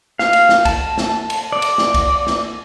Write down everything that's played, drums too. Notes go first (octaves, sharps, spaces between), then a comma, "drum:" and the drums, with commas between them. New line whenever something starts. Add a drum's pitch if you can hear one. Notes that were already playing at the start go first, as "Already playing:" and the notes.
F5, drum: snare
drum: cymbal
drum: snare
A5, drum: kick C2, cymbal
drum: snare
drum: cymbal
D5
drum: cymbal
drum: snare
drum: kick C2, cymbal
drum: snare